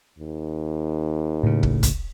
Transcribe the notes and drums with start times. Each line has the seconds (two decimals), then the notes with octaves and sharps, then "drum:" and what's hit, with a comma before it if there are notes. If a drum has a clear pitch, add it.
0.19 D#2
1.43 A2 C#3
1.63 drum: kick
1.83 drum: kick, hi-hat